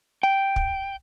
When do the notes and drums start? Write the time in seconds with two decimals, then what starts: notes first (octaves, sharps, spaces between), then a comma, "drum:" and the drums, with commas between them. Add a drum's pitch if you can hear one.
0.23 G5
0.56 drum: kick